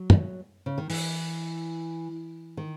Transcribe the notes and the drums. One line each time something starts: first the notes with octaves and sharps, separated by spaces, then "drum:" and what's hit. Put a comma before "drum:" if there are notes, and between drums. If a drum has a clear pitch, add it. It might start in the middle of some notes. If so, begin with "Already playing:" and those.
Already playing: F#3
drum: tom
C#3
D#3
E3, drum: open hi-hat
D#3